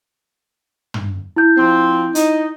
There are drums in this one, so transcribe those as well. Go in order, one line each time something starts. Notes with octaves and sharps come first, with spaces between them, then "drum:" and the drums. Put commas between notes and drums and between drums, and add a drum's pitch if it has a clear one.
drum: tom
E4 G6
F3 C4
D#4, drum: hi-hat